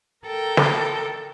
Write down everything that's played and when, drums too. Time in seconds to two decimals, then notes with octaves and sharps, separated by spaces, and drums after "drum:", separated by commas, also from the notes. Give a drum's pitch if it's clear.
0.24 A4 A#4 G5 A5
0.57 drum: snare